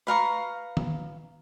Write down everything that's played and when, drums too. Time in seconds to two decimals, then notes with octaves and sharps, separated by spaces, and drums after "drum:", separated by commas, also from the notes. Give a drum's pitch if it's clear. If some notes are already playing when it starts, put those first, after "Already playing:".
0.07 B4 F5 A#5 C#6
0.77 drum: tom D#3